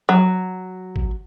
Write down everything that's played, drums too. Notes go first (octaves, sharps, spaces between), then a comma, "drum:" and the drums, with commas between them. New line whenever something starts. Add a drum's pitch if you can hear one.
F#3
drum: kick G#1